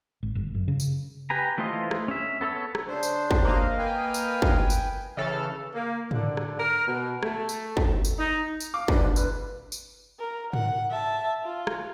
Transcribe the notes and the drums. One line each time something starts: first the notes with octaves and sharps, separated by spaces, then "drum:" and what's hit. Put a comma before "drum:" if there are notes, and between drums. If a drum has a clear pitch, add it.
G#1
G1
F#2
C#3
drum: tambourine
G4 B4 G#5 A#5
E3 A3 F4 C5 D#5
drum: rim click
C#4 E5
B3 A4 C#5 E6
drum: rim click
C#3 D4 C5
drum: tambourine
drum: kick
A#3 D#5 F5
B4 G5 G#5
drum: tambourine
drum: kick
drum: tambourine
C#3 E3 A4 F6
A#3
D3, drum: tom G#2
drum: rim click
A#4
B2
A3, drum: rim click
drum: tambourine
drum: kick
drum: tambourine
D#4
drum: tambourine
F5 D6
D4 B4, drum: kick
C2
E1 B4, drum: tambourine
drum: tambourine
A#4
F#5, drum: tom G#2
E5 A5
F4
drum: rim click